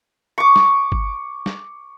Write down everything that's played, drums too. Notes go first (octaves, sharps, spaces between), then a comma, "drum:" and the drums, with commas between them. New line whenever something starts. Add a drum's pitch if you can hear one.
C#6 D6
drum: snare
drum: kick G1
drum: snare